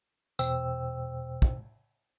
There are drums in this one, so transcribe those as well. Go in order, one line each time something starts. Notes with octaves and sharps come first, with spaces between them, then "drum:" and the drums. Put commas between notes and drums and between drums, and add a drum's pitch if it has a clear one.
E2 B2 C5 G5 E6, drum: tambourine
drum: kick